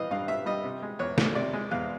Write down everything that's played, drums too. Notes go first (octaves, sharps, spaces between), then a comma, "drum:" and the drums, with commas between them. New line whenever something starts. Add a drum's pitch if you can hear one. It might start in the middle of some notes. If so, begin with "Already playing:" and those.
Already playing: E3 G3 D#5 F5
G2 F5
G2 E5
G3 D#5
C3
G#3
E2 C#5
E3, drum: snare
C3 D5
G#3
E2 F5